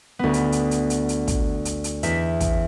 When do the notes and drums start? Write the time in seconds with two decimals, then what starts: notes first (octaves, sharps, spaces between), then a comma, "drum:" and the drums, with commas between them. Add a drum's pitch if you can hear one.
0.19 D2 B3
0.34 drum: hi-hat
0.52 drum: hi-hat
0.71 drum: hi-hat
0.90 drum: hi-hat
1.09 drum: hi-hat
1.28 drum: kick, hi-hat
1.65 drum: hi-hat
1.84 drum: hi-hat
2.03 E2 E5 B6, drum: hi-hat
2.40 drum: kick, hi-hat